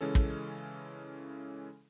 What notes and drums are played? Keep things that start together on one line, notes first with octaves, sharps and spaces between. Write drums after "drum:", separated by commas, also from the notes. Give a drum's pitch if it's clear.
C#3 E3 G#3 C#4 A4
drum: kick